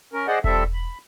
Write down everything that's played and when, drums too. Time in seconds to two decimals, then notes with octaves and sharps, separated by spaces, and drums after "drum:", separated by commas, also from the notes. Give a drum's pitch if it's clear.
0.13 C#4 A#4
0.27 G#4 C5 D5 D#5 F#5
0.44 F3 G3 C4 A4 E5, drum: kick E1
0.73 B5